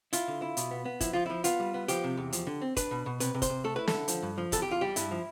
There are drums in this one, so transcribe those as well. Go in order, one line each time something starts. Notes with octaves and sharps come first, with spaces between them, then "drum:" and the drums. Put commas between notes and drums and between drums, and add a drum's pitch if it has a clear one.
E4 F4, drum: hi-hat
D3
E4
B2, drum: hi-hat
B3
B3
F3 E4, drum: kick, hi-hat
F3 F4
F3 E4
B3 F4, drum: hi-hat
G3
B3
F3 G4, drum: hi-hat
C3
E2
F3, drum: hi-hat
D3
C4
D4 B4, drum: kick, hi-hat
B2
B2
C3 B4, drum: hi-hat
C3
C5, drum: kick, hi-hat
C3
A3 A4
E4 B4
A4, drum: snare
D3
F3, drum: hi-hat
G2
F3
E2 A4, drum: kick, hi-hat
G4
E2 F4
G3 G4
G2 E4, drum: hi-hat
F3